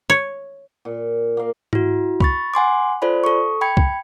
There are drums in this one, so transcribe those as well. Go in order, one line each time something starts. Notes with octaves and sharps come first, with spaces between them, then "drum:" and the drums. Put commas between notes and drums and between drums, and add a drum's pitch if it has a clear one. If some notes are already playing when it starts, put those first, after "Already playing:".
C#5
A#2
A#3 F5
E4 F#4, drum: tom G#2
B5 C#6 A6, drum: kick C2
F#5 G#5 C6 D6
F4 A4 C5 D5 B5
A4 C#6
G5 B5 G#6 C#7
drum: kick C2